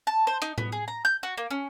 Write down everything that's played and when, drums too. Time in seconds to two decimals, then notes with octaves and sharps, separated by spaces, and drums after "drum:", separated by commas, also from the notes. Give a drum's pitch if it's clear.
0.07 A5
0.27 C5
0.42 D#4, drum: hi-hat
0.58 B3, drum: tom A2
0.72 G#4
0.88 A#5
1.05 G6
1.23 F#4
1.37 A#3
1.51 C#4